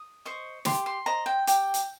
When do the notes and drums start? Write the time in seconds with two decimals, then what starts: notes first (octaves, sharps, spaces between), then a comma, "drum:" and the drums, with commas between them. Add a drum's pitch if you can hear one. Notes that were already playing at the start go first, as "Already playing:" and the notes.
Already playing: D#6
0.25 C5 D#5 C#6
0.65 G4 C6, drum: snare
0.86 C6
1.06 C5 D#5 A#5
1.26 G5
1.47 G4 G5, drum: hi-hat
1.74 drum: hi-hat